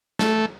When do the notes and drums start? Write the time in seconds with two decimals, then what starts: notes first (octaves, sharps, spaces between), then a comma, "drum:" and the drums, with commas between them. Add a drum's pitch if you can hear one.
0.19 A3, drum: snare